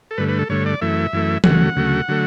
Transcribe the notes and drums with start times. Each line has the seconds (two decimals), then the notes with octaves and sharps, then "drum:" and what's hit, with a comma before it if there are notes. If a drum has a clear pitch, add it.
0.11 A4
0.18 G2 D3 A3 B4
0.29 B4
0.39 A4
0.49 G2 D3 A3 C#5
0.66 D5
0.81 F#2 E3 A3 E5
1.13 F#2 E3 A3
1.44 D2 C#3 F#3 A3 F#5, drum: tom E3
1.76 D2 C#3 F#3 A3
2.08 D3 F#3 A3